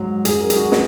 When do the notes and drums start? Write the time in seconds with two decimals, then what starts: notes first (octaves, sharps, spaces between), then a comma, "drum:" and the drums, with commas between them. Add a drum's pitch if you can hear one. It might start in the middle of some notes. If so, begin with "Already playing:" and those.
Already playing: G#2 F#3
0.25 G#2 F#3 G#4, drum: hi-hat
0.41 A#4
0.50 G#4, drum: hi-hat
0.56 F#4
0.72 G#4, drum: snare